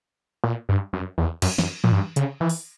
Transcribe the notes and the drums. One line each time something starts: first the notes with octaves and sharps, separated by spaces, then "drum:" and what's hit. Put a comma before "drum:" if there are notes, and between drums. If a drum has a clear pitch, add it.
A#2
G2
F#2
E2
F#2, drum: cymbal
F#2, drum: snare
A#2, drum: tom E3
G2
C#3, drum: hi-hat
E3
drum: open hi-hat